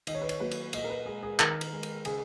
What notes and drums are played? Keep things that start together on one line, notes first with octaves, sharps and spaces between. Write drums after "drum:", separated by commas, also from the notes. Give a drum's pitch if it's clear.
D#3 D#5, drum: cymbal
C#5
B4
C#5, drum: cymbal
F#3 A#3 B4
drum: cymbal
A#2 D#5, drum: cymbal
A#4
B4
G#3 G#4
G#4
D#3 A#4, drum: clap
drum: cymbal
G#3
drum: cymbal
C#3 G#4, drum: cymbal